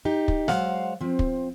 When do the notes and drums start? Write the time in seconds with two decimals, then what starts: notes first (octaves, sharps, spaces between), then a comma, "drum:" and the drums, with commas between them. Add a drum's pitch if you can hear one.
0.05 D#4 G4
0.28 drum: kick
0.48 F#3 G#3 C5 F5 F#5, drum: snare
1.01 F3 C4
1.19 drum: kick